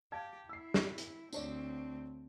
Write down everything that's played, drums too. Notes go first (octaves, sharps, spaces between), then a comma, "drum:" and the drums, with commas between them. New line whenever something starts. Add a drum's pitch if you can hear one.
G4 F5 A5 G#6
E4 E6 C7
drum: snare
drum: hi-hat
D2 C4 D4 C#5 D5, drum: tambourine